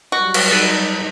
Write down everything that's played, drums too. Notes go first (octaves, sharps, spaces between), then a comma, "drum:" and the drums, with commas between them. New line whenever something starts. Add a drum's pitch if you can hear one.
F#3 G3 F#4
drum: cymbal
D#4 A4 B4 D5